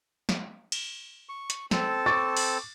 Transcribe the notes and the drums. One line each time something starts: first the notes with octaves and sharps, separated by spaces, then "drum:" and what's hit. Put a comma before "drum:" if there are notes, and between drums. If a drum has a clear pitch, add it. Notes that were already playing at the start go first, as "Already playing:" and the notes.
drum: snare
drum: cymbal
C#6
drum: hi-hat
C4 A4 A5, drum: snare
C#6 D6 A6
drum: open hi-hat